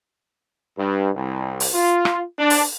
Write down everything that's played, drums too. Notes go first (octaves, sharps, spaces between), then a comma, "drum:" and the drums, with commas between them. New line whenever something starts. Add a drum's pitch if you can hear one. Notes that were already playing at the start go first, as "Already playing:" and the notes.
G2
C2
drum: open hi-hat
F4
drum: rim click
D4
drum: open hi-hat